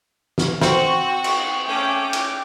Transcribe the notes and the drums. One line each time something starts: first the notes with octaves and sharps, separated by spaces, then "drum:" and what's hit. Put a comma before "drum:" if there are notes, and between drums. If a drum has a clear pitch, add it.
drum: snare
C4 F#4 C#6, drum: snare
drum: cymbal
A3 C#4 G5 D6
drum: cymbal